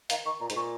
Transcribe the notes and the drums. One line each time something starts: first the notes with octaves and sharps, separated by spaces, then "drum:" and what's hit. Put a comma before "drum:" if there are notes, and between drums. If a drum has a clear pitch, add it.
D#3 F5, drum: hi-hat
D#3 C#6
A#2 A#5
G#2, drum: hi-hat
A#2 C#6